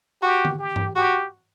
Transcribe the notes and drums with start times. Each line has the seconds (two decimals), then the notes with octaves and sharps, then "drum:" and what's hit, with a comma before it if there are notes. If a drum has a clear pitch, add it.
0.22 F#4 G4
0.45 drum: tom D3
0.59 G4
0.76 drum: tom G2
0.96 F#4 G4